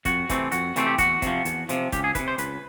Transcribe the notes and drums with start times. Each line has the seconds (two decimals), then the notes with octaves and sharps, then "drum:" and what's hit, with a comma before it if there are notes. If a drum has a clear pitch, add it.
0.05 F2 F#4, drum: kick, hi-hat
0.29 C3 E3 A3 C4, drum: kick, hi-hat
0.52 F2 F#4, drum: hi-hat
0.76 C3 E3 A3 C4, drum: hi-hat
0.86 G4
0.98 E2 F#4, drum: kick, hi-hat
1.22 C3 F3, drum: kick, hi-hat
1.45 E2, drum: hi-hat
1.69 C3 F3, drum: hi-hat
1.92 C#2 G4, drum: kick, hi-hat
2.04 G#4
2.15 E3 B4, drum: kick, hi-hat
2.19 C3
2.28 C5
2.38 C#2 B4, drum: hi-hat